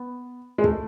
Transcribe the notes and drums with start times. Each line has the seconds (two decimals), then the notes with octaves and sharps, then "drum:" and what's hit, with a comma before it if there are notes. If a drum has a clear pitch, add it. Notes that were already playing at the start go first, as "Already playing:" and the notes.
Already playing: B3
0.58 G#3
0.64 A3, drum: kick